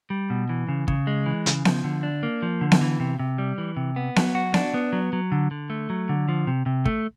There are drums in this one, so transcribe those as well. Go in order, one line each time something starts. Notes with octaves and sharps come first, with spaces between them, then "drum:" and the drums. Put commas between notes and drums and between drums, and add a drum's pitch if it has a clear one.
G3
B2
E3
C#3
C#3, drum: kick
G#3
E3
C#3, drum: hi-hat
F3, drum: snare B3
D3
D4
A#3
F3
D3
drum: snare B3
E3
C3
C3
G3
E3
C3
B3
F#3, drum: snare B3
F#4
D4, drum: snare B3
B3
F#3
F#3
D3
D3
A3
F#3
D3
F3
C3
C3
A3, drum: kick